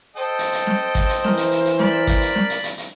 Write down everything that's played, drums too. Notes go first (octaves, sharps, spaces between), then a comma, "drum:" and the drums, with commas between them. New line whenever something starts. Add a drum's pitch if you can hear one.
A4 C5 D#5 G5
drum: hi-hat
drum: hi-hat
drum: snare
drum: kick, hi-hat
drum: hi-hat
E3 A#4, drum: snare
drum: hi-hat
drum: hi-hat
drum: hi-hat
A#4 D5 B5, drum: snare
drum: kick, hi-hat
drum: hi-hat
drum: snare
drum: hi-hat
drum: hi-hat
drum: hi-hat